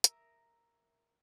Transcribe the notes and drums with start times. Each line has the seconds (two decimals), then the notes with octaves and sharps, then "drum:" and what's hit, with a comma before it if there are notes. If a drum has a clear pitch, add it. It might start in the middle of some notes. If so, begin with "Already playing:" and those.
0.04 A#4 E5 D#6, drum: hi-hat